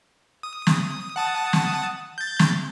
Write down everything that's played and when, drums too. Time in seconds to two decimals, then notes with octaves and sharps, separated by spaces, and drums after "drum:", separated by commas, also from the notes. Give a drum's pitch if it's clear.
0.43 D#6
0.67 drum: snare
1.16 F#5 A5 D#6
1.53 drum: snare
2.18 G6 A6
2.39 drum: snare